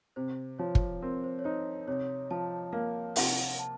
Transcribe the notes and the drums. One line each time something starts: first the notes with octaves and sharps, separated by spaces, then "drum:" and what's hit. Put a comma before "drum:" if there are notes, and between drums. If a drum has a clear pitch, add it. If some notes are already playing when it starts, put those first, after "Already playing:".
C3 C5
F3 C#5
drum: kick
C4 A#4
C5
C#5
D#4 C5
C3 C#5
F3 A5
A#3 F5
C3 F#5, drum: open hi-hat
A5